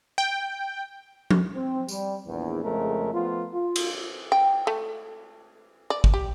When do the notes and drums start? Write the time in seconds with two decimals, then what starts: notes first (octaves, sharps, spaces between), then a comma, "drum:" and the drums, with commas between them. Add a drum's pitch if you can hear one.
0.18 G5
1.31 drum: tom F3
1.54 C4
1.88 G3, drum: tambourine
2.27 A#1 E2
2.63 F2 C#3 G#3 A3 A#4
3.12 F3 A3 B3 F4
3.53 F4
3.76 drum: cymbal
4.32 G5
4.67 A3
5.90 D5
6.04 drum: kick
6.14 G4